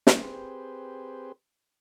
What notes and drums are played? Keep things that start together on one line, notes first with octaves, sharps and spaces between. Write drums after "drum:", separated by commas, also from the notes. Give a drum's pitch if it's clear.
drum: snare
C4 G4 G#4 B4 C5